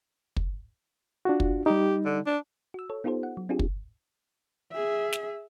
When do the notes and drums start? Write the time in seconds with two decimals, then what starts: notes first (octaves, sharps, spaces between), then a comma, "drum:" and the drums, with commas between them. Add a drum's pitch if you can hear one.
0.36 drum: kick
1.25 D4 F4 F#4
1.40 drum: kick
1.66 G3 D#4 G4
2.05 D3
2.26 D4
2.74 F#4 E6
2.90 A4 C#5
3.04 B3 D#4 F4 G4 A4 C5
3.23 F#5
3.37 F#3
3.49 C4 D4 F4 G4 G#4
3.59 drum: kick
4.72 G#4 E5
5.12 drum: snare